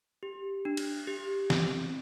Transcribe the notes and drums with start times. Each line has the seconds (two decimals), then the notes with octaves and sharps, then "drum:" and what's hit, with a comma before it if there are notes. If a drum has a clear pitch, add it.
0.23 G4
0.65 D4
0.77 drum: cymbal
1.07 G4
1.50 C4, drum: snare